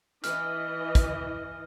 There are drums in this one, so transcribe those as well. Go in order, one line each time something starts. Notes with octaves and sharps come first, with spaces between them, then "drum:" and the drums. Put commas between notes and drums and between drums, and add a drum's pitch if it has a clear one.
E3 D#5 F6, drum: hi-hat
drum: kick, hi-hat